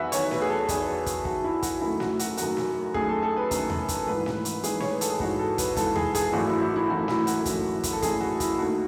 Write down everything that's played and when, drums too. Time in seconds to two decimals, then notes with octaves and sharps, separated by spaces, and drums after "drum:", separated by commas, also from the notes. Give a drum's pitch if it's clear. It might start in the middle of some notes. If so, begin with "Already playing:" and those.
Already playing: E2 D#3 F#3 B4 E5 F#5
0.12 E2 D#3 F#3 C#5, drum: hi-hat
0.31 B4, drum: snare
0.42 G#4
0.50 A4
0.69 E2 D#3 F#3 G#4, drum: kick, hi-hat
1.06 drum: kick, hi-hat
1.25 E2 D#3 F#3 F#4, drum: kick
1.44 E4
1.63 F#4, drum: kick, hi-hat
1.81 F#2 D#3 A3 E4
2.00 F#4, drum: snare
2.19 F#4, drum: hi-hat
2.37 F#2 D#3 A3 F#4, drum: hi-hat
2.57 drum: snare
2.94 F#2 D#3 A3 G#4, drum: kick
3.09 A4
3.23 A4
3.37 B4
3.51 F#2 D#3 A3, drum: kick, hi-hat
3.70 drum: tom D#2
3.88 drum: kick, hi-hat
4.07 G#1 G#2 E3 B4
4.26 drum: snare
4.45 drum: hi-hat
4.64 G#1 G#2 E3 G#4, drum: hi-hat
4.80 C#5, drum: snare
4.90 B4
5.01 A4, drum: hi-hat
5.10 G#4
5.20 G#1 G#2 E3 F#4, drum: kick
5.39 A4
5.58 B4, drum: kick, hi-hat
5.77 G#1 G#2 E3 A4, drum: kick, hi-hat
5.96 G#4, drum: tom D#2
6.15 G#4, drum: kick, hi-hat
6.33 G#1 F#2 E3 A3 F#4
6.47 E4
6.61 E4
6.76 E4
6.89 G#1 F#2 E3 A3 F#4
7.08 E4, drum: snare
7.27 F#4, drum: hi-hat
7.46 G#1 F#2 E3 A3, drum: kick, hi-hat
7.83 drum: kick, hi-hat
7.93 A4
8.02 G#1 F#2 E3 A3 G#4, drum: kick, hi-hat
8.21 F#4
8.40 E4, drum: kick, hi-hat
8.58 D#2 D#3 A3 F#4